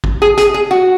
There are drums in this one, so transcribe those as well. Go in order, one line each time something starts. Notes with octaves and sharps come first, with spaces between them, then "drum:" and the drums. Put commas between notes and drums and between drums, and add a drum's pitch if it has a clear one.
drum: kick
G#4
G#4, drum: hi-hat
G#4
F#4